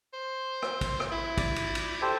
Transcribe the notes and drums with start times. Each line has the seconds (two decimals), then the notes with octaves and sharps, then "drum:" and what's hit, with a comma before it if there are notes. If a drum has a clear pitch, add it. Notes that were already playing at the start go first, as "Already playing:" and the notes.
0.13 C5
0.62 drum: rim click
0.81 drum: kick, cymbal
1.00 drum: rim click
1.12 E4
1.37 D5, drum: kick, cymbal
1.56 drum: cymbal
1.75 drum: cymbal
2.02 G4 A4 C5